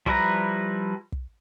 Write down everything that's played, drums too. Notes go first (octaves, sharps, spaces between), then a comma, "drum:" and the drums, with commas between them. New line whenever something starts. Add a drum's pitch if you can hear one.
F3 G3 E4 B4 A#5, drum: kick
drum: kick